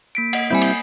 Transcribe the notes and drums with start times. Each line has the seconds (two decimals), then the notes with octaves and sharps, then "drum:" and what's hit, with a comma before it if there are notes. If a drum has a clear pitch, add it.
0.15 A#3 B6 D7
0.33 D#5 F#5, drum: cymbal
0.50 G3 C4 E4 G#5 B5 G6
0.62 drum: cymbal